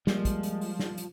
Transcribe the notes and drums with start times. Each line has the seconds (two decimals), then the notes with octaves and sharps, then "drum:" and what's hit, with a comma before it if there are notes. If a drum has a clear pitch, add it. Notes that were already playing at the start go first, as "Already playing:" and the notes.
0.07 F3 G3 G#3 A#3, drum: snare
0.25 drum: kick, hi-hat
0.43 drum: hi-hat
0.61 drum: open hi-hat
0.79 drum: snare
0.98 drum: hi-hat